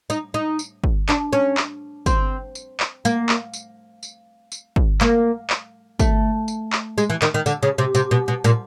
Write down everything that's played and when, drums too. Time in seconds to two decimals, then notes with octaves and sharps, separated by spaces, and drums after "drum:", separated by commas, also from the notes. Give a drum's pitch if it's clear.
0.10 D#4, drum: tambourine
0.34 D#4
0.59 drum: tambourine
0.84 drum: kick
1.09 D4, drum: clap
1.33 C#4
1.57 drum: clap
2.06 C4, drum: kick, tambourine
2.55 drum: tambourine
2.80 drum: clap
3.05 A#3, drum: tambourine
3.29 drum: clap
3.53 drum: tambourine
4.03 drum: tambourine
4.52 drum: tambourine
4.76 drum: kick
5.01 A#3, drum: clap
5.50 drum: clap
5.99 A3, drum: kick, tambourine
6.48 drum: tambourine
6.72 drum: clap
6.98 G#3, drum: tambourine
7.10 E3
7.22 D#3, drum: clap
7.34 D#3
7.46 D3, drum: tambourine
7.63 C#3
7.78 C3
7.95 C3, drum: tambourine
8.11 B2
8.28 B2
8.44 A#2, drum: tambourine